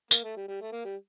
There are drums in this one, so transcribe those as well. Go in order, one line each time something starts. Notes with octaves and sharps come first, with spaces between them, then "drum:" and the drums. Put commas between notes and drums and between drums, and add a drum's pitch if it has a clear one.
A#3, drum: tambourine
A3
G3
G3
A3
A#3
G3